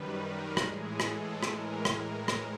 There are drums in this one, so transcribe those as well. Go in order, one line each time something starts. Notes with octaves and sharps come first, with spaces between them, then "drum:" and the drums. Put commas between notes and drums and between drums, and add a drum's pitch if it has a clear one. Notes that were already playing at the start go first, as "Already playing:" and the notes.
Already playing: F#2 D#3 G3 B4
A#4
A2 E3 G#3 G#4, drum: rim click
A4, drum: rim click
A2 E3 G#3 A#4, drum: rim click
drum: rim click
drum: rim click